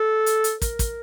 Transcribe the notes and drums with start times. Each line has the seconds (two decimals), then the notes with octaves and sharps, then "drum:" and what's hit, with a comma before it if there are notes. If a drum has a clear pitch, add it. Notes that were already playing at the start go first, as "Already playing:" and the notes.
Already playing: A4
0.26 drum: hi-hat
0.44 drum: hi-hat
0.62 A#4, drum: kick, hi-hat
0.79 drum: kick, hi-hat